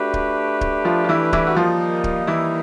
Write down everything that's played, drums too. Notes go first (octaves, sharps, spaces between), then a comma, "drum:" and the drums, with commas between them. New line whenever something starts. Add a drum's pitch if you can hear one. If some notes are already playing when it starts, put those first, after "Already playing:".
Already playing: A3 D4 F#4 G4 B4
drum: kick D1
drum: kick D1
F3 F4
F4
E3 E4
E3 E4, drum: kick D1
F#4
D#3 F3 G3 A#3 D#4 F4
drum: kick D1
E3 E4